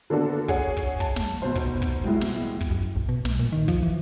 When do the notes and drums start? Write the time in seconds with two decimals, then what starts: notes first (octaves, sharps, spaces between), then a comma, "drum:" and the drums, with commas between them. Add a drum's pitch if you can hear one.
0.10 D3 A#3 B3 D4 F#4 A4
0.48 G#4 C#5 F#5, drum: kick
0.77 drum: kick
1.00 A5, drum: kick
1.16 drum: snare
1.42 F1 B2 C5
1.56 drum: kick
1.82 drum: kick
2.04 B2 G3 G#3 E4
2.21 drum: snare
2.61 drum: kick
2.71 F#2
2.96 A#1
3.09 B2
3.25 B1, drum: snare
3.40 A#2
3.52 D#3
3.68 F3, drum: kick
3.83 E3